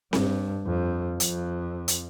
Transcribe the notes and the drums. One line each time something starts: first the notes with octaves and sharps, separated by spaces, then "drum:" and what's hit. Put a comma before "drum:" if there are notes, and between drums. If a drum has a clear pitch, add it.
G2, drum: snare C4
F2
F2, drum: hi-hat
drum: hi-hat